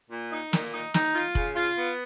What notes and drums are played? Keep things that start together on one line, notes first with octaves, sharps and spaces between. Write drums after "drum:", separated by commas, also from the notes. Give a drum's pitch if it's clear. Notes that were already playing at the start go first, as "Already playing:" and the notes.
A#2
D#4
A#2, drum: snare
D#4
D#4, drum: snare
F4
C#3, drum: kick F1
F4
B3